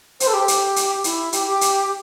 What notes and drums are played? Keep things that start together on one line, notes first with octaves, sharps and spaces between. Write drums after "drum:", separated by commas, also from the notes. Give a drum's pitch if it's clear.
C5, drum: hi-hat
A4
G4
drum: hi-hat
drum: hi-hat
E4, drum: hi-hat
G4, drum: hi-hat
G4
drum: hi-hat